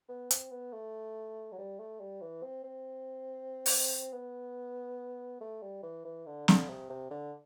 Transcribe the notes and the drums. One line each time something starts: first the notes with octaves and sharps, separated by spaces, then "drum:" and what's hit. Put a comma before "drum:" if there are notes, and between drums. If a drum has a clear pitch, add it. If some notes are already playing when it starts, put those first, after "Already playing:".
B3
C4, drum: hi-hat
B3
A3
F#3
G3
A3
G3
E3
C4
C4
drum: open hi-hat
B3
A3
G3
E3
E3
D3
D3, drum: snare
C3
C3
D3